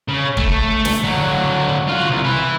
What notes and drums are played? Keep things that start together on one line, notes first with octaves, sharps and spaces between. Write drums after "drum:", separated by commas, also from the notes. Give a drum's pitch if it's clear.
C#3
A3, drum: kick
drum: snare
D3 F#3
F4 F#4
C2
E4 B4